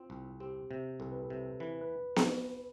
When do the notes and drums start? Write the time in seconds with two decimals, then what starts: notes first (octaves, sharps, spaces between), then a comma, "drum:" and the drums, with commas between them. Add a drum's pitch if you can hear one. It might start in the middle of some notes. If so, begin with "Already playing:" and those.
Already playing: C4 F4
0.10 C2
0.40 C4 G4
0.71 C3
1.00 C2 A4
1.12 B4
1.23 A4
1.30 C3
1.60 E3 B4
1.81 B4
2.16 drum: snare B3